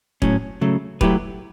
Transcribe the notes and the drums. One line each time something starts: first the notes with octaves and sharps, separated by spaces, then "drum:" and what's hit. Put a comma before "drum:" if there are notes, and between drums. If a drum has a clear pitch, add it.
A2 F#3 C#4, drum: kick E1
C#3 F#3 A3
F#3 A3 E4 G4 B4, drum: kick E1